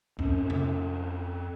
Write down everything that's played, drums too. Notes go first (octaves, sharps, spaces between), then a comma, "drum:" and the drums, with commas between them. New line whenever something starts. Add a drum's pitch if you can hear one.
F2 C#4, drum: kick
drum: tom C3